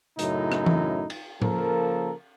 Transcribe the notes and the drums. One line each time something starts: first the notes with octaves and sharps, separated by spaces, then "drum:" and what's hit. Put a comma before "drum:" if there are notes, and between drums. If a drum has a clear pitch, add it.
F#2 A2 C#3 A3 D#4 E4, drum: hi-hat
drum: rim click
drum: tom E3
drum: cymbal
C#3 F3 A#3 A4 A#4, drum: tom A2